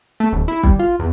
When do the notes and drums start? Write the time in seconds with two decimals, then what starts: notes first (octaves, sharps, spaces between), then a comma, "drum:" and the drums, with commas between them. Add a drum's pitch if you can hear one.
0.20 A3
0.33 D#1
0.48 E4
0.63 G3, drum: kick
0.79 F4
0.99 E2